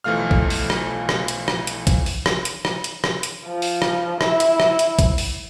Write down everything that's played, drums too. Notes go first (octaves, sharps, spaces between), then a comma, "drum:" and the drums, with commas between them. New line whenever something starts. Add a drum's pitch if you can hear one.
B1 E3 F3 A3 F5 F6
drum: kick
drum: open hi-hat
drum: rim click
drum: rim click
drum: hi-hat
drum: rim click
drum: hi-hat
drum: kick, hi-hat
drum: open hi-hat
drum: rim click
drum: hi-hat
drum: rim click
drum: hi-hat
drum: rim click
drum: hi-hat
F3
drum: open hi-hat
drum: rim click
E4, drum: rim click
drum: hi-hat
drum: rim click
drum: hi-hat
drum: kick, hi-hat
drum: open hi-hat